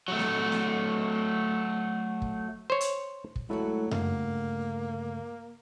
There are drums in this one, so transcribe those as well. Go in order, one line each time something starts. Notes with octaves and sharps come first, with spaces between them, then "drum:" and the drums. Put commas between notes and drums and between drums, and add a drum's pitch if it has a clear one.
F#3 A3
drum: snare
drum: snare
drum: kick
C5 C#5
drum: hi-hat
drum: kick
D2 F#3 G#3 A3 E4 F#4 A4
G2 C#3 A#3, drum: tom F#2